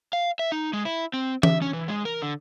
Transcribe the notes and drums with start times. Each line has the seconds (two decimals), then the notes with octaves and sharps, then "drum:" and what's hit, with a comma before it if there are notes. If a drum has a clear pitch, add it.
0.13 F5
0.39 E5
0.52 D#4
0.73 G#3
0.85 E4
1.13 C4
1.43 E5, drum: tom E3
1.62 C#4
1.73 E3
1.88 G#3
2.05 A#4
2.22 D3